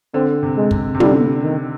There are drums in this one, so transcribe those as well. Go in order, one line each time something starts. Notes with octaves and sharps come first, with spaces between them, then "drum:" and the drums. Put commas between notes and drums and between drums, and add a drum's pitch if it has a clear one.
D3 C4
C3
G#3
C3, drum: kick
C3
D3 G3, drum: tom
D#3